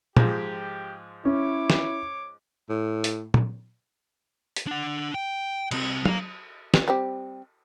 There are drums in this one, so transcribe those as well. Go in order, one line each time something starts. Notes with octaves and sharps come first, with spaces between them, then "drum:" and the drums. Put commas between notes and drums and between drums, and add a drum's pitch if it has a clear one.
G#2 F3 G#3 G4, drum: tom
C#4 E4 C#5 D6
drum: snare
A2
drum: hi-hat
drum: tom
drum: hi-hat
D4 F#5
G5
C2 C4, drum: cymbal
F5 A#5, drum: tom
drum: snare
G3 C4 G4